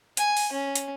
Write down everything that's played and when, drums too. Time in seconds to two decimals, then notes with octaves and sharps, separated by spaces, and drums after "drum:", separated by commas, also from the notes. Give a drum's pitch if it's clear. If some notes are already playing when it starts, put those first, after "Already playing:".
0.17 G#5, drum: hi-hat
0.37 drum: open hi-hat
0.52 C#4
0.75 drum: hi-hat